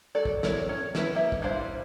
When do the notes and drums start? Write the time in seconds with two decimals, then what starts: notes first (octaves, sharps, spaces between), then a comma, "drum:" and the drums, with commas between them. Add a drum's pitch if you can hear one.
0.15 F#4 A4 D5
0.25 drum: kick
0.43 E4 A#4 C#5, drum: snare
0.69 C#4
0.95 C#4 E4 A#4 B4, drum: snare
1.15 A#3 E5
1.32 drum: kick
1.42 E3 G3 D4 C5 F5